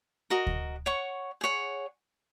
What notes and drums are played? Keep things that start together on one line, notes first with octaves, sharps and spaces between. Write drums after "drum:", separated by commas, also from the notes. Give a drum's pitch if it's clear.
F#4 A#4 D#5
drum: kick D2
C#5 F#5 C#6
G#4 C#5 F#5